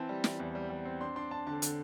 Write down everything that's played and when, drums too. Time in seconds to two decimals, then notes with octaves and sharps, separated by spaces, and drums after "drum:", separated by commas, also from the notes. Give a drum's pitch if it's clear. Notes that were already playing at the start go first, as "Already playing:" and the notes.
Already playing: E3 C4 A5
0.09 G3
0.24 E3, drum: snare
0.39 E2
0.55 G3
0.70 G3
0.85 C4
1.01 D4 C6
1.16 D4 C6
1.31 D4 A5
1.47 D3 A5
1.62 D3, drum: hi-hat